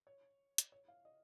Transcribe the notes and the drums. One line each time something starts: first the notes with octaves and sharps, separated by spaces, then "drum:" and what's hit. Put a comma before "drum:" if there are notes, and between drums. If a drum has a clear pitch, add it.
C#5
drum: hi-hat
C#5
F5
D#5